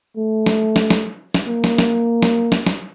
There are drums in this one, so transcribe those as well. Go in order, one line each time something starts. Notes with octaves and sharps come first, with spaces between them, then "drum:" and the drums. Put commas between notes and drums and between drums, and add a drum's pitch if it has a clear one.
A3
drum: snare
drum: snare
drum: snare
drum: snare
A#3
drum: snare
drum: snare
drum: snare
drum: snare
drum: snare